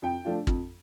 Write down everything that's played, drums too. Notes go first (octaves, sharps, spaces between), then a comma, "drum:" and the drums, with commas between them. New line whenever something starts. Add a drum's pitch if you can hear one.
F2 G5
F3 A3 D4 F4
F2, drum: kick